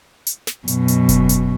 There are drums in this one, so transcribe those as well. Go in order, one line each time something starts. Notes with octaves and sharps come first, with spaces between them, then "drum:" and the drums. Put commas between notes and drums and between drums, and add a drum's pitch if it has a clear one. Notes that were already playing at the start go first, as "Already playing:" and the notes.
drum: hi-hat
drum: snare
F#2 B2, drum: hi-hat
drum: hi-hat
drum: kick E1, hi-hat
drum: hi-hat